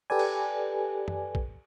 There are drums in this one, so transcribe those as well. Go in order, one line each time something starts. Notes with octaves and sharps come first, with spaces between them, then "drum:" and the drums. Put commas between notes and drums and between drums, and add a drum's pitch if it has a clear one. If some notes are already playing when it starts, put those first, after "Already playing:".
G4 A4 B4 D5 G#5
drum: cymbal
drum: tom F#2
drum: kick